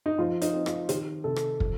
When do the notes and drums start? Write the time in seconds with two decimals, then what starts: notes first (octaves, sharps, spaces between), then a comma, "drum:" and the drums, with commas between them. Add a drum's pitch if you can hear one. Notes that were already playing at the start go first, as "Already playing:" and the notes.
0.06 D#4
0.18 F3 F4
0.42 D#4, drum: hi-hat
0.54 C4
0.66 F4, drum: rim click
0.89 D#3 G4, drum: hi-hat
1.24 C3 A4
1.36 drum: rim click
1.60 F3, drum: kick